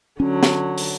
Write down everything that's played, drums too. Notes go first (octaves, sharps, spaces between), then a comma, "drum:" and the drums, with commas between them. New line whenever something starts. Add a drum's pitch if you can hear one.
D3 F#3 C#4
drum: snare
drum: open hi-hat